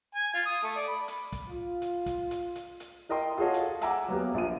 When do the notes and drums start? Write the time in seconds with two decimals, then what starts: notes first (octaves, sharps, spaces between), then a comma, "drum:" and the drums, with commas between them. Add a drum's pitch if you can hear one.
0.15 G#5
0.34 F4
0.46 D#6
0.63 A3
0.76 D5
0.88 B5
1.08 drum: hi-hat
1.32 drum: kick, hi-hat
1.49 F4
1.82 drum: hi-hat
2.06 drum: kick, hi-hat
2.31 drum: hi-hat
2.55 drum: hi-hat
2.80 drum: hi-hat
3.09 E4 A#4 D#5 G5 C6
3.38 F4 F#4 G#4 A4 C#5 D#5
3.54 drum: hi-hat
3.81 E5 F#5 G#5 A#5 D6 E6, drum: hi-hat
4.08 F#3 A#3 B3 G4
4.34 A#1 F3 D#7